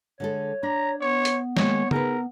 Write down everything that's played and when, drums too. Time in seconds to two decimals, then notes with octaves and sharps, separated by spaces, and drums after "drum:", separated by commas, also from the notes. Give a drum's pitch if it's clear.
0.20 D3 G#3 A4 C#5
0.63 D4 A#5
1.01 B3 C#5
1.25 drum: hi-hat
1.57 D#3 G#3 A#3 C#5, drum: snare
1.91 D#4 G#4 A#4 B4, drum: tom C#3